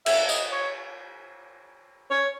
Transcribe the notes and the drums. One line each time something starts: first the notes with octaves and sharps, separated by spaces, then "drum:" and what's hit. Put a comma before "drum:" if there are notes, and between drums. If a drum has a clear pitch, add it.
E5, drum: cymbal
D#5, drum: tambourine
C#5
C#5